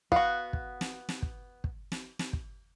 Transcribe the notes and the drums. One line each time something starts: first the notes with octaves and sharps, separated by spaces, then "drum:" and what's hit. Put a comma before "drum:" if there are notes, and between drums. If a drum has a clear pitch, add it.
B3 F#4 F5, drum: kick
drum: kick
drum: snare
drum: snare
drum: kick
drum: kick
drum: snare
drum: snare
drum: kick